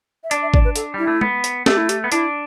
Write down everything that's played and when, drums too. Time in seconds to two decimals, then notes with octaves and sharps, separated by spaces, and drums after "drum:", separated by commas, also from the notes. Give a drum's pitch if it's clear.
0.24 E5
0.31 D4 D5, drum: hi-hat
0.42 E5
0.54 D5, drum: kick G#1
0.65 B4
0.76 A4, drum: hi-hat
0.94 G3 E4
1.07 A3
1.21 B3, drum: tom
1.44 drum: hi-hat
1.66 A3 G4, drum: snare
1.77 E4
1.89 G4, drum: hi-hat
2.04 B3
2.12 D4 E4, drum: hi-hat